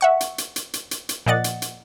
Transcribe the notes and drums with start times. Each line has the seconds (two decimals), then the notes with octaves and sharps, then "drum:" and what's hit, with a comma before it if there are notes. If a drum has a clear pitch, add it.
0.01 E5 F#5 C#6
0.20 drum: hi-hat
0.38 drum: hi-hat
0.56 drum: hi-hat
0.73 drum: hi-hat
0.91 drum: hi-hat
1.09 drum: hi-hat
1.26 A#2 F3 D5 D#5 F#5 A6
1.44 drum: hi-hat
1.62 drum: hi-hat